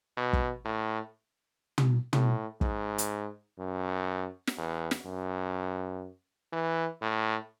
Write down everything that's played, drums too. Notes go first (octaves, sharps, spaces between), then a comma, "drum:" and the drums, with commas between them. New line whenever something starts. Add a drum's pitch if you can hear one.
B2
drum: kick
A2
drum: tom
A2, drum: tom
G#2, drum: kick
drum: hi-hat
F#2
drum: snare
E2
drum: snare
F#2
E3
A2